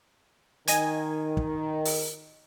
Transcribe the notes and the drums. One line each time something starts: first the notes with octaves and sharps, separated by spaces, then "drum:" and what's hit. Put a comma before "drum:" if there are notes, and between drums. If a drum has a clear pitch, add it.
D#3 D#5 G#5 G#6, drum: hi-hat
drum: kick
drum: open hi-hat